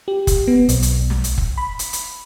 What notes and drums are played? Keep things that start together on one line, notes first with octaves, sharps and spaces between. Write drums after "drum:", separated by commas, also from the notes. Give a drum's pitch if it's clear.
G4
drum: kick F1, hi-hat
B3
B1, drum: hi-hat
drum: hi-hat
drum: snare
drum: hi-hat
drum: kick F1
B5
drum: hi-hat
drum: hi-hat